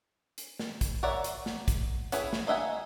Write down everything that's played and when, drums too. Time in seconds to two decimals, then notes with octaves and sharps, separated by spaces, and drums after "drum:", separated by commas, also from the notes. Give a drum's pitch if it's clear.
0.38 drum: hi-hat
0.59 drum: snare
0.81 drum: kick A#1, hi-hat
1.03 A#4 C#5 D5 E5 F#5
1.24 drum: hi-hat
1.46 drum: snare
1.68 drum: kick A#1, hi-hat
2.12 C#4 E4 G#4 B4, drum: hi-hat
2.33 drum: snare
2.47 A#3 D#5 E5 F#5 G#5